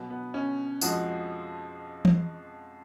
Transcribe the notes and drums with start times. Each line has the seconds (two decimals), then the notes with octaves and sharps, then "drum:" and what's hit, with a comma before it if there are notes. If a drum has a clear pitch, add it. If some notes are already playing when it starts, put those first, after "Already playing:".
Already playing: B2 F#3
0.10 B3
0.34 C#4
0.82 F2 F3 G#3 F#4, drum: tambourine
2.05 drum: tom E3